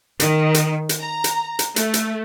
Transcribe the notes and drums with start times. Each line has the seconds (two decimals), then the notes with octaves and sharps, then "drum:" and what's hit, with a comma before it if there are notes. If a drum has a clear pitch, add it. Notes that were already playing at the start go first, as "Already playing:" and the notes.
0.20 D#3, drum: hi-hat
0.54 drum: hi-hat
0.89 drum: hi-hat
1.01 A#5
1.24 drum: hi-hat
1.59 drum: hi-hat
1.76 A3, drum: hi-hat
1.94 drum: hi-hat